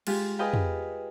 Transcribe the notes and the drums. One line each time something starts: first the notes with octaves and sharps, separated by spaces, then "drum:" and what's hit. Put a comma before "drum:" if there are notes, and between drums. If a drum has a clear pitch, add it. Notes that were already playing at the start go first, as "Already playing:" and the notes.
G#3 F4 G4, drum: cymbal
G#4 B4 D#5 F5 G5 B5
drum: tom